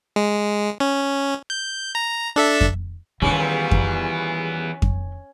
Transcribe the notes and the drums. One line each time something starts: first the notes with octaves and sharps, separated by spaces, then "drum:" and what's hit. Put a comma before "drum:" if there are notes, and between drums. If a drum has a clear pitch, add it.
G#3
C#4
G6
A#5
D4 A4 E5
drum: kick F2
E2 A#2 D#3 E3 G3 B3 C#4 E4
drum: kick F2
drum: kick F2